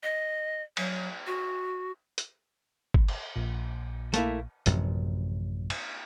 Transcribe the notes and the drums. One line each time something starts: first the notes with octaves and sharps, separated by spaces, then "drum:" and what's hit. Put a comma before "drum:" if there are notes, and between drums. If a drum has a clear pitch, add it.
D#5
F#3, drum: cymbal
F#4
drum: hi-hat
drum: kick
drum: cymbal
A#1 A#2
A3 A#3 E4, drum: hi-hat
A1 F#2 C3 F3, drum: hi-hat
drum: cymbal